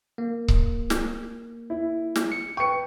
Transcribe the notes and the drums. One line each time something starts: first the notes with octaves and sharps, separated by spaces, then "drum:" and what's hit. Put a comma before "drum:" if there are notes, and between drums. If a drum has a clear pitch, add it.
A#3
drum: kick C#1
drum: snare
E4
drum: snare
C#7
B4 G5 C#6 C#7